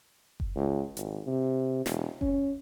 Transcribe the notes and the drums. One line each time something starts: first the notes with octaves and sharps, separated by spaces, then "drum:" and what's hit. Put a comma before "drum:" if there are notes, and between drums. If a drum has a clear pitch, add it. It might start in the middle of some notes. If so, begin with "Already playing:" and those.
drum: kick F#1
C#2
G#1, drum: hi-hat
C3
E1, drum: snare
C#4, drum: kick F#1